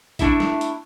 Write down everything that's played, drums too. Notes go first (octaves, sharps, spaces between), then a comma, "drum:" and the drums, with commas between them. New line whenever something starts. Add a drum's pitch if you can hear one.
A3 D4 E4 E5, drum: kick, hi-hat
drum: snare
drum: hi-hat